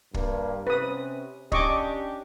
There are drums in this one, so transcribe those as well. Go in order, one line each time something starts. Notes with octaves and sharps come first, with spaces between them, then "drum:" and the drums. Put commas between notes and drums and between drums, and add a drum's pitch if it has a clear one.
G2 A#3, drum: kick
C3 C#4 B4 D#6
C#4 D4 G4 D#5 C#6 D6, drum: kick